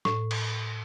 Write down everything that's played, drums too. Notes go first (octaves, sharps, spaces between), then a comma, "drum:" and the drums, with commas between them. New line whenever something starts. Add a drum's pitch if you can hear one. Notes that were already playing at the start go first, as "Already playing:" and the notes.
A2, drum: snare
drum: cymbal